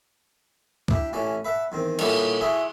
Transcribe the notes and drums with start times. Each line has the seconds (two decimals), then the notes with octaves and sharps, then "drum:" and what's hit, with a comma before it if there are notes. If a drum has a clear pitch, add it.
0.88 D4 E4 G4, drum: kick
1.13 A1 E3 C#4 D5 A5
1.45 B4 E5 F#5 A5
1.72 E2 D#3 C4
1.99 A#2 D3 G3 C#4 E4 G4, drum: cymbal
2.41 E4 F#4 G#4 E5 A5